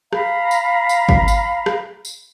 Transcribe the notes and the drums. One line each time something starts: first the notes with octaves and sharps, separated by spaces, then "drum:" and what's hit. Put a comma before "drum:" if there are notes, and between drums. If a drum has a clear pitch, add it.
F5 A#5 B5, drum: rim click
drum: tambourine
drum: tambourine
drum: kick
drum: tambourine
drum: rim click
drum: tambourine